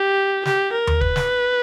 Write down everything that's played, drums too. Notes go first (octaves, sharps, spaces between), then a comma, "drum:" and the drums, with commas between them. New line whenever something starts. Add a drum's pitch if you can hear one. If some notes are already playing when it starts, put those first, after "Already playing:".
Already playing: G4
G4, drum: snare
A#4
drum: tom D#2
B4, drum: kick D1
drum: snare